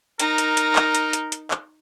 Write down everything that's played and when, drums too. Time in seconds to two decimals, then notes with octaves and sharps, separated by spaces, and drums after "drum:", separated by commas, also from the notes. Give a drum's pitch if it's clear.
0.19 D#4 A#4, drum: hi-hat
0.38 drum: hi-hat
0.57 drum: hi-hat
0.76 drum: clap
0.95 drum: hi-hat
1.13 drum: hi-hat
1.32 drum: hi-hat
1.51 drum: clap